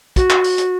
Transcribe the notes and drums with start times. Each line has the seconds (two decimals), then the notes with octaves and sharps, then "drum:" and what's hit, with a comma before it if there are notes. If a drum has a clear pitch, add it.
0.16 F#4, drum: kick, hi-hat
0.30 drum: clap
0.44 drum: open hi-hat
0.58 drum: hi-hat